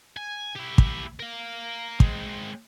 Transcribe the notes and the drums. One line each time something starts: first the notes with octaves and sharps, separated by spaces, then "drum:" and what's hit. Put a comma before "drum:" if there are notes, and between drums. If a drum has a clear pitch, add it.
G#5
E4 G4
drum: kick
A#4 F5
G#3 C4, drum: kick